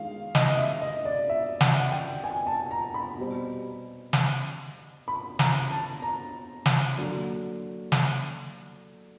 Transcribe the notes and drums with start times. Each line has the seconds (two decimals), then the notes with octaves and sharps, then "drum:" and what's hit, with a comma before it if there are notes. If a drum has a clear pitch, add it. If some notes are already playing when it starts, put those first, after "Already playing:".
Already playing: D#3 G#3 F5
0.35 D#5, drum: snare
0.57 E5
0.81 D#5
1.05 D5
1.29 E5
1.61 F#5, drum: snare
1.92 G5
2.24 G#5
2.47 A5
2.71 A#5
2.94 B5
3.18 B2 G3 C4
4.13 drum: snare
5.08 B5
5.39 A#5, drum: snare
5.70 A5
6.02 A#5
6.66 drum: snare
6.97 D3 F#3 A#3
7.92 drum: snare